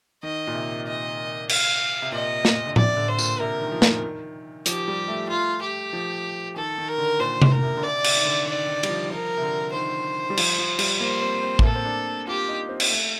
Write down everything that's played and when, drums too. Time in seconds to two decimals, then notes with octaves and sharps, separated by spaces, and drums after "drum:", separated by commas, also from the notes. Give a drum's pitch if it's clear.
0.23 D#3 D#5
0.47 A#2
0.54 C3
0.86 D#5
1.49 F5, drum: cymbal
2.02 C3
2.12 A#2 D#5
2.45 drum: snare
2.66 D3
2.76 C3 D5, drum: tom A2
2.97 D3
3.08 C5
3.18 A#2, drum: tambourine
3.40 C3 A#4
3.61 D#3
3.72 F3
3.82 D#3, drum: snare
4.66 F3 G4, drum: hi-hat
4.88 G3
5.08 A3
5.29 F4
5.62 G4
5.93 F3
6.56 D#3 A4
6.78 D#3
6.88 A#4
6.98 D3
7.20 A#2 C5
7.42 A#2, drum: tom C3
7.51 A#4
7.63 C3
7.77 D3
7.83 C3 D5
8.04 C3, drum: cymbal
8.17 D#3
8.25 D3
8.46 D#3 D5
8.67 D#3
8.83 G3, drum: cymbal
8.89 F3
9.10 F3 A#4
9.37 C3
9.42 D3
9.73 D#3 C5
10.30 G3
10.37 F3, drum: cymbal
10.58 F3
10.79 G3, drum: cymbal
11.00 A#3 C5
11.22 C4
11.43 C4
11.59 A3, drum: kick
11.63 A#3 A4
11.75 C4
11.85 D4
12.27 F4 G4
12.48 D#4
12.69 C4
12.80 drum: cymbal
12.90 A3